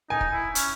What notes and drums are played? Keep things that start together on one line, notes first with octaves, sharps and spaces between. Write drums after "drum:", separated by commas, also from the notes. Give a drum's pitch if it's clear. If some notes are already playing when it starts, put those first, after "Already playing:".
D#4 G#5
drum: kick
E4
C#4, drum: hi-hat